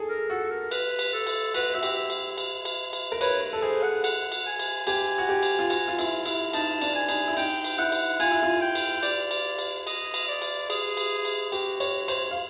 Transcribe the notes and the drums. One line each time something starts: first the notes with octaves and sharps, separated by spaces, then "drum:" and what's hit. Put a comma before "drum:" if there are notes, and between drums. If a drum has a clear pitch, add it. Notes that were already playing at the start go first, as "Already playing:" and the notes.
Already playing: G#4 A4
A#4
F#4 A4
A#4
B4, drum: cymbal
drum: cymbal
A4
drum: cymbal
F#4 B4, drum: cymbal
F#4 E5
G4, drum: cymbal
E5
drum: cymbal
drum: cymbal
drum: cymbal
drum: cymbal
A#4
B4 C#5, drum: cymbal
A4
G#4 C5
F#5
F#5, drum: cymbal
drum: cymbal
G#5
drum: cymbal
G4 G#5, drum: cymbal
F#4
G4
drum: cymbal
F4
F#4, drum: cymbal
F4
E4, drum: cymbal
E4, drum: cymbal
D#4 A5, drum: cymbal
D4, drum: cymbal
G#5
D#4, drum: cymbal
E4
D#4 G5, drum: cymbal
drum: cymbal
E4 F#5
drum: cymbal
F4 G#5, drum: cymbal
E4
F4
G5
drum: cymbal
D5, drum: cymbal
drum: cymbal
drum: cymbal
D#5, drum: cymbal
drum: cymbal
D5
drum: cymbal
G#4, drum: cymbal
drum: cymbal
drum: cymbal
F#4 G4, drum: cymbal
C#5, drum: cymbal
C5, drum: cymbal
F5